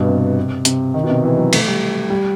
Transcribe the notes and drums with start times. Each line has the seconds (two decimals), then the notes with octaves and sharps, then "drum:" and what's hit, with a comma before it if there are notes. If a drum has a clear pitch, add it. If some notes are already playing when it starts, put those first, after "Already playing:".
Already playing: G2 B2
0.08 C3
0.65 C3, drum: hi-hat
0.94 D#3
1.04 B2
1.10 C3
1.24 E3
1.38 F#3
1.53 A3, drum: cymbal
1.67 G3
2.10 G3